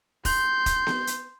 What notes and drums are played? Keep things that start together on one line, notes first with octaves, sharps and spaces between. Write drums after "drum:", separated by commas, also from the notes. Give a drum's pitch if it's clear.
C6 G6, drum: kick, open hi-hat
drum: kick, hi-hat
drum: snare B3
drum: hi-hat